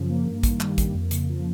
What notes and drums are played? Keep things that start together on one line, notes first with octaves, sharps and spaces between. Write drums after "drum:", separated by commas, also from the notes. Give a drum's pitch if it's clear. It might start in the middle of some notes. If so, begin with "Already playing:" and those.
Already playing: F#2 C#3 F3
A#3
G2
D#3, drum: kick, hi-hat
G3, drum: clap
A#3, drum: kick, hi-hat
F2
C#3, drum: hi-hat
F3